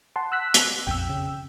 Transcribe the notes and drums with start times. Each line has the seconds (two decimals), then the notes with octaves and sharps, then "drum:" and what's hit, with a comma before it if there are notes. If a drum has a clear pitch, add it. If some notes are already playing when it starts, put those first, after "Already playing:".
0.16 F#5 A5 C6
0.32 E6 F#6 B6
0.54 drum: hi-hat
0.87 A#1 F2 G5 E6
1.09 C#3